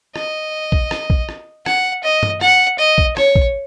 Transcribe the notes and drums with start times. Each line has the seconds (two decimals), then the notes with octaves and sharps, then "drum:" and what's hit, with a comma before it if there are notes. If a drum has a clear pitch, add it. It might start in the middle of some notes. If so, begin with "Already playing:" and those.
0.16 D#5, drum: rim click
0.72 drum: kick A#1
0.91 drum: rim click
1.10 drum: kick A#1
1.29 drum: rim click
1.66 F#5, drum: rim click
2.04 D#5
2.23 drum: tom G2
2.41 F#5, drum: rim click
2.79 D#5
2.98 drum: kick A#1
3.17 C#5, drum: rim click
3.36 drum: kick A#1